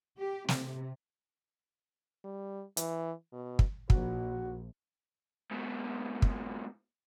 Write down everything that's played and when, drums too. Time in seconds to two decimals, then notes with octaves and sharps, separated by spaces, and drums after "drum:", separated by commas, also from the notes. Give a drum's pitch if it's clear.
0.18 G4
0.48 C3, drum: snare
2.25 G3
2.77 E3, drum: hi-hat
3.33 B2
3.59 drum: kick
3.90 A#1 F#4, drum: kick
5.51 G#2 B2
6.22 drum: kick